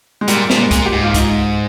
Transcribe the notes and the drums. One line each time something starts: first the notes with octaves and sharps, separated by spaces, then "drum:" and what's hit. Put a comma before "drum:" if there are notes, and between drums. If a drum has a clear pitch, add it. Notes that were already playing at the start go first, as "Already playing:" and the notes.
G#3
A#2 G3, drum: hi-hat
A#2, drum: snare
G#3
A#2, drum: kick C2, hi-hat
G4
G#2
F4
D#4, drum: kick C2, hi-hat